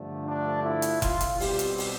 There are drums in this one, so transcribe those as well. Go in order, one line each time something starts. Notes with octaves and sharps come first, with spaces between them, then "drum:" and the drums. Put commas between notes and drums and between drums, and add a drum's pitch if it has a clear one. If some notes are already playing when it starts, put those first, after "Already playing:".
Already playing: G2 D3 F3 A3
D4
E4
drum: hi-hat
F4, drum: kick F1, hi-hat
drum: hi-hat
B2 G3 C4 G4, drum: open hi-hat
drum: hi-hat
drum: open hi-hat